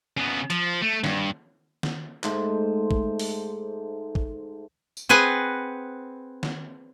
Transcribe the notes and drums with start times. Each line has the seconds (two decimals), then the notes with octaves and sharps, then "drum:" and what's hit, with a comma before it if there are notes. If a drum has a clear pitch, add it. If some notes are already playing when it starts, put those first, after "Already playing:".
0.17 C#3 B3
0.50 F3, drum: hi-hat
0.82 A3
1.04 G2, drum: snare D#3
1.83 drum: snare D#3
2.24 G#2 A3 C5, drum: clap
2.91 drum: kick
3.19 drum: open hi-hat
4.15 drum: kick
4.97 drum: tambourine
5.09 C4 G#4 B4 F#5 G#5
6.43 drum: snare D#3